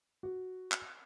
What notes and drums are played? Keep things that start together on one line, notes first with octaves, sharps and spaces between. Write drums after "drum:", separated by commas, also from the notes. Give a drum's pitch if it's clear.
F#4
drum: clap